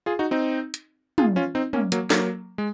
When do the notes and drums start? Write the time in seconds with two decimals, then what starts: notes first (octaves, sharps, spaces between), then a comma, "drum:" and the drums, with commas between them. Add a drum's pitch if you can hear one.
0.06 F4 G#4
0.19 D#4 F#4
0.31 C4 D#4
0.74 drum: hi-hat
1.18 F4 G#4, drum: tom
1.36 C#4 F4
1.55 C4 D#4
1.73 A#3 C#4, drum: tom
1.92 F#3 A#3, drum: hi-hat
2.10 F#3 A#3, drum: snare
2.58 G#3